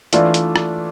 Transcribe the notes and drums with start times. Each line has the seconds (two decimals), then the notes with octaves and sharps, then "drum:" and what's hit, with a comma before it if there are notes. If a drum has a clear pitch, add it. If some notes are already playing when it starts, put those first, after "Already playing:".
0.13 E3 A3 D4 F4, drum: hi-hat
0.34 drum: hi-hat
0.56 drum: rim click